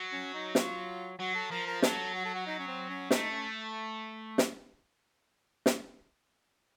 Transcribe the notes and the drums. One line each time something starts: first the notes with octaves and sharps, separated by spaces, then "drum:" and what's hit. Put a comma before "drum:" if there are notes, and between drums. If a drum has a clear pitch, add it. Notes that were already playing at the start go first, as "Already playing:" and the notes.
Already playing: F#3
C#4
D#4
F4, drum: snare
F#3 F#4
A4
F3 A#4
A#4
F#3 A4, drum: snare
F#4
A4
F#4
D#4
C#4
C4
C#4
A3 D#4, drum: snare
C#4
drum: snare
drum: snare